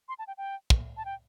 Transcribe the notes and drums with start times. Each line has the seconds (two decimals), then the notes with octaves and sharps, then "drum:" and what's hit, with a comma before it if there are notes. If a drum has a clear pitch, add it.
0.09 C6
0.19 A5
0.27 G5
0.38 G5
0.70 drum: kick
0.97 A5
1.05 G5